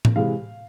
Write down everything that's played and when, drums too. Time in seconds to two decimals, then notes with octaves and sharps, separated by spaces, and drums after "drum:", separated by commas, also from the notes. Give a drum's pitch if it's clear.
0.05 drum: tom A2
0.15 C3 E3 G#3 F5